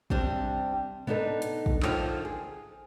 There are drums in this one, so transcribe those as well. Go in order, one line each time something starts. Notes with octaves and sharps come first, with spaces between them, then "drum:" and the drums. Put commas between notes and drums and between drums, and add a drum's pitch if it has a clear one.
C3 G3 C4 D4 G4, drum: kick
B3 D4 D#4 A4 B4, drum: tom A#2
drum: hi-hat
drum: kick
D3 D#3 F3 F4 D5 F5, drum: clap
G#4